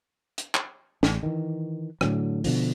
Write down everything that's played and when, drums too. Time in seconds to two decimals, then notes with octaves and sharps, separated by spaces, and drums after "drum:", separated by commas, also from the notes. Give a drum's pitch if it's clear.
0.38 drum: hi-hat
0.55 drum: clap
1.03 A1, drum: snare
1.23 D#3 E3
2.01 A2 D3 F#3, drum: rim click
2.44 B2 D3 F3, drum: open hi-hat